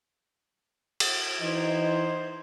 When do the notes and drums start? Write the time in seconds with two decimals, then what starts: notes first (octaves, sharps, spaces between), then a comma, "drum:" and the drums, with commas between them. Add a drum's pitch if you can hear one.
1.00 drum: cymbal
1.41 E3 D#4 C5 D#5